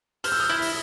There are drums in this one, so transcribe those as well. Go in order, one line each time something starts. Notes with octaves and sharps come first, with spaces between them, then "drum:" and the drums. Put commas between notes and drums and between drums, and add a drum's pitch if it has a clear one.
C5 F6, drum: open hi-hat
E6
D#6 F6
E4
drum: open hi-hat